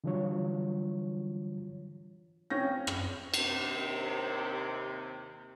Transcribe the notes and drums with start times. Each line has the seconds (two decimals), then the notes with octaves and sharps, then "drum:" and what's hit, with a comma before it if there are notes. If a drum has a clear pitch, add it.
0.04 D3 E3 F#3 G3 F4 C#5
2.50 C4 C#4 G6 A#6
2.87 drum: rim click
3.34 D#2 C3, drum: cymbal